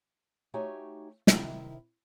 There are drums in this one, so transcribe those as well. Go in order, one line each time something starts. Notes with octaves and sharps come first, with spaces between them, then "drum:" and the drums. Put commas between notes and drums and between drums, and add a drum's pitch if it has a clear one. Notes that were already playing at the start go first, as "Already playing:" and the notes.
A3 D#4 F#4 G4 C#5 G#5
C3 D#3 E4, drum: snare